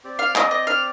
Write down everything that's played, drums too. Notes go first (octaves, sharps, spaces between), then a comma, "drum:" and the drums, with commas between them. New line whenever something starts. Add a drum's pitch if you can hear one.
C4 G4 D5
F5
D#5, drum: clap
D#5
F5